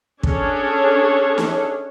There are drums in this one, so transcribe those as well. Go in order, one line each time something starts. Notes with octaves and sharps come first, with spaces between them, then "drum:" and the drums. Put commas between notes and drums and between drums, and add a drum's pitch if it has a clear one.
C#4 D4 G#4 A4 C#5, drum: kick
drum: snare